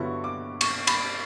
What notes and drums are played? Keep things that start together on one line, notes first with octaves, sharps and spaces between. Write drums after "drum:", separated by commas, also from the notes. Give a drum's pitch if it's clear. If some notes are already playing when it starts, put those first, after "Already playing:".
Already playing: G2 D3 F#3 B3 E4 C#6
D6
C#6, drum: cymbal
B5, drum: cymbal